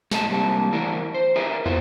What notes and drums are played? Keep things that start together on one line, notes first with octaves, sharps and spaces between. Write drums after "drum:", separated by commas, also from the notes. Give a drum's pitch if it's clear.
A#2 A4 D#5 A5, drum: snare
G2 C3 G#3 A#3 A5
E2 E3 A3 D4 E4 A#4
C5
G#4 A#4 B4 D#5 E5
B3 E4 F4 C5, drum: tom